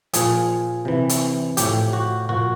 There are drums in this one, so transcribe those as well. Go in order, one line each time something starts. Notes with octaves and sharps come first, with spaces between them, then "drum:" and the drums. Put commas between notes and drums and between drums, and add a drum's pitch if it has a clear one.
A#2 F3 G#4, drum: hi-hat
C3 E3
drum: hi-hat
A2 F3 G4, drum: hi-hat
F#4
A#2 F3 F#4